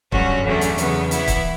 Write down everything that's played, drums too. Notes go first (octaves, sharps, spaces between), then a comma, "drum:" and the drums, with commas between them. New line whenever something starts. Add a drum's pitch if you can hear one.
G2 D3 F#3 C#4 F#4, drum: kick
E2 D3 F#3 A3 C#4
drum: hi-hat
E2 C#3 F#3 B3, drum: hi-hat
E3 B3 E4, drum: hi-hat
drum: kick, hi-hat